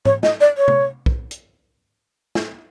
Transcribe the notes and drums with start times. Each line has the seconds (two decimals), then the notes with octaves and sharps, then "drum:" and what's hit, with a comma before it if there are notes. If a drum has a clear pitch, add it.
0.05 C#5, drum: tom G#2
0.23 D#5, drum: snare
0.41 D5
0.58 C#5
0.68 drum: tom C3
1.06 drum: kick
1.31 drum: hi-hat
2.35 drum: snare